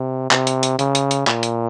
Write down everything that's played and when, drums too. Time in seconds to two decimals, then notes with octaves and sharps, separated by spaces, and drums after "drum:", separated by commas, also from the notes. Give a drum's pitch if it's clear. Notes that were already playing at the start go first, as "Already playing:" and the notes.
Already playing: C3
0.31 C3, drum: clap
0.47 drum: hi-hat
0.63 drum: hi-hat
0.79 C#3, drum: hi-hat
0.95 drum: hi-hat
1.11 drum: hi-hat
1.27 A#2, drum: clap
1.43 drum: hi-hat